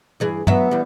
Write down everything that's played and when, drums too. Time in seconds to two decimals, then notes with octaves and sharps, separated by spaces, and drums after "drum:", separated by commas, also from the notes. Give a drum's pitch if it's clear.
0.20 G2 E3 G#4
0.47 F#3 B3 E5, drum: tom
0.71 E3 G3